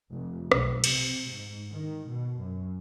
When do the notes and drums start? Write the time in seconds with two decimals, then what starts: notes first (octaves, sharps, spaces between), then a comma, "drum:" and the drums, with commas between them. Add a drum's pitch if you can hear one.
0.12 F1
0.52 B1, drum: rim click
0.84 C3, drum: cymbal
1.32 G#2
1.72 D#3
2.08 B2
2.41 F#2